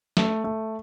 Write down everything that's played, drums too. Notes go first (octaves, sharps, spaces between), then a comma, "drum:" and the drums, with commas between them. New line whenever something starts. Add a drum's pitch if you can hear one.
A3, drum: snare
A3